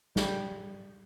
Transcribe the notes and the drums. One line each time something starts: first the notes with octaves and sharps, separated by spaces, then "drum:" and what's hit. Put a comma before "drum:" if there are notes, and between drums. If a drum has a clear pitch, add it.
G3, drum: snare